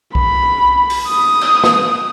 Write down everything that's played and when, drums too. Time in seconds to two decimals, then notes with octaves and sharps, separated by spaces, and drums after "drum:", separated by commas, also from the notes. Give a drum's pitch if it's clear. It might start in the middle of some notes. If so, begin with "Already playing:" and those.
0.15 B5, drum: kick B1
0.90 drum: open hi-hat
1.09 D#6
1.41 drum: cymbal
1.64 drum: snare